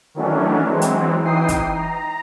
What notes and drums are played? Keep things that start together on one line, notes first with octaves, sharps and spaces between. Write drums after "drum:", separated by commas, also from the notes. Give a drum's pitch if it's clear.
D#3 E3 F#3 A3 C#4 D4
E3 F#3 G#3 C4
drum: hi-hat
E3 D#4 G5 D#6 C7
drum: kick, hi-hat
A#5